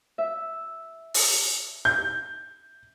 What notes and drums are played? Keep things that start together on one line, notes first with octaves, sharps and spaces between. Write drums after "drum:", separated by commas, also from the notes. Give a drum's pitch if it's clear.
E5
drum: open hi-hat
G6